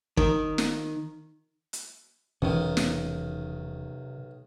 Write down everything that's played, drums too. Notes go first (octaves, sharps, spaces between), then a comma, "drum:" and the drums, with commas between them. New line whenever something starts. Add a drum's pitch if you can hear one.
D#3, drum: kick
drum: snare
drum: hi-hat
E1 B1 C3 D#3 E3 C#4
drum: snare